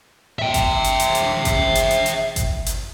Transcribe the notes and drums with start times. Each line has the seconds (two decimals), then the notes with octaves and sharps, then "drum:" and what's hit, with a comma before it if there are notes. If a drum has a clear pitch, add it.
0.39 E5 G5
0.54 drum: kick G1, hi-hat
0.84 drum: hi-hat
1.00 drum: hi-hat
1.15 drum: hi-hat
1.45 drum: kick G1, hi-hat
1.75 drum: hi-hat
1.91 drum: hi-hat
2.06 drum: hi-hat
2.36 drum: kick G1, hi-hat
2.66 drum: hi-hat